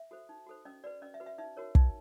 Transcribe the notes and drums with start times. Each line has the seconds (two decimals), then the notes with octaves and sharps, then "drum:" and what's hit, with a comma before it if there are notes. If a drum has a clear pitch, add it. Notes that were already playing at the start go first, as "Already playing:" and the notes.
Already playing: E5
0.11 F#4 A4 C5
0.29 D#4
0.47 F#4 A4 C5
0.65 C#4 D#5
0.84 F#4 B4 D5
1.02 C#4 D#5
1.14 E5
1.20 F#4 B4
1.26 E5
1.38 D#4 E5
1.57 F#4 A#4 C#5
1.75 D#4, drum: kick